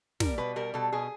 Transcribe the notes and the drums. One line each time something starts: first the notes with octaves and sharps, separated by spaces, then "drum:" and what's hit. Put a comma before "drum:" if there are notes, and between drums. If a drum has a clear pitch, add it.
G3 A#4, drum: snare
B2 B4
G3 A#4
B2 A4
B2 G#4